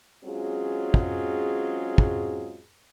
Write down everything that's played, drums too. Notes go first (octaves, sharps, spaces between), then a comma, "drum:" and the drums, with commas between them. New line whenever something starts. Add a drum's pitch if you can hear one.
F#3 G#3 C4 C#4 F4 G#4
drum: kick
drum: kick